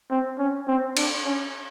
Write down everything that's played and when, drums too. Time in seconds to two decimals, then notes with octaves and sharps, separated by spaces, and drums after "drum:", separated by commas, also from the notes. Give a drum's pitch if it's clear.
0.11 C4
0.39 C#4
0.68 C4
0.97 D4, drum: cymbal
1.25 C#4